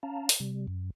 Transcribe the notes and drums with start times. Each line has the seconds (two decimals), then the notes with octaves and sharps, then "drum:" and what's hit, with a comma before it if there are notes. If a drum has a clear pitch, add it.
0.03 C#4 F5 A5 A#5
0.29 drum: open hi-hat
0.40 C3 G3
0.67 F#2